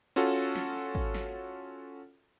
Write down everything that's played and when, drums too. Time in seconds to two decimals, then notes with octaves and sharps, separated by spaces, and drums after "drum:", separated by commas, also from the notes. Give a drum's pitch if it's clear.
0.16 C#4 F4 F#4 A4
0.55 drum: snare
0.95 drum: kick
1.14 drum: snare